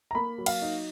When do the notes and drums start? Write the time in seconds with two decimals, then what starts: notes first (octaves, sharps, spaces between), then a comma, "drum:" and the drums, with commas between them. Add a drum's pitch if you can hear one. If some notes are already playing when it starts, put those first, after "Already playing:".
0.11 A#5
0.15 A#3 B5
0.38 F#3
0.46 F5, drum: cymbal
0.62 D#4